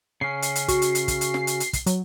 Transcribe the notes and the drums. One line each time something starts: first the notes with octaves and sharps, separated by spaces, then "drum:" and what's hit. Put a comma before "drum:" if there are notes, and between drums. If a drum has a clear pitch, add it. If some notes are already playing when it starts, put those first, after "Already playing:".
C#3 C#4 C7
drum: hi-hat
drum: hi-hat
F#4, drum: kick, hi-hat
drum: hi-hat
drum: hi-hat
drum: kick, hi-hat
drum: hi-hat
drum: snare
drum: hi-hat
drum: hi-hat
drum: kick, hi-hat
F#3, drum: hi-hat